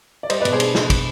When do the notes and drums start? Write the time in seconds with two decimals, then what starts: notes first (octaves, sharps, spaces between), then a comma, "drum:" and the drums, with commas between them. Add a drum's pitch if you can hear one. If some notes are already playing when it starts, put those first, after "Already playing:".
0.23 D5
0.30 G3 C5 D#5, drum: cymbal
0.41 B4 D5
0.45 B2, drum: cymbal
0.53 G#4 C5
0.60 D4, drum: cymbal
0.75 drum: snare
0.90 drum: kick, cymbal